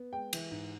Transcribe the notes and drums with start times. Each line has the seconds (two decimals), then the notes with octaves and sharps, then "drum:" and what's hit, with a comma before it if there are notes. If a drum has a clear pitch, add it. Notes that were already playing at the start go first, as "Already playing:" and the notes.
Already playing: B3
0.13 G#3 G5
0.33 E3, drum: cymbal
0.51 G#2